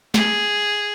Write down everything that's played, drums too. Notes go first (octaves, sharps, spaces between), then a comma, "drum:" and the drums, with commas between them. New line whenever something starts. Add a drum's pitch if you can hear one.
G#4, drum: snare